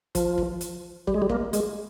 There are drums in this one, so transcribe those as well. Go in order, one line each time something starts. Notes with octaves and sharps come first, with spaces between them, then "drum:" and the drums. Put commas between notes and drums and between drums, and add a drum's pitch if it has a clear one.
F3, drum: kick, hi-hat
drum: kick
drum: hi-hat
G3, drum: kick
G#3
G3
A#3, drum: kick
G#3, drum: hi-hat